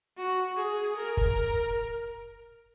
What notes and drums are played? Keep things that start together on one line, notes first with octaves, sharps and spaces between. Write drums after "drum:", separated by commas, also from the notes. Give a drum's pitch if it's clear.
F#4
G#4
A#4
drum: kick